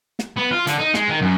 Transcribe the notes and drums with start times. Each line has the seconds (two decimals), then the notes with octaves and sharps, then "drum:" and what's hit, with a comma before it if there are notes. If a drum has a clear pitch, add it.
0.19 drum: snare
0.37 B3
0.53 F4
0.67 D3, drum: hi-hat
0.79 D#4
0.94 G#3, drum: snare
1.09 D#3
1.22 F#2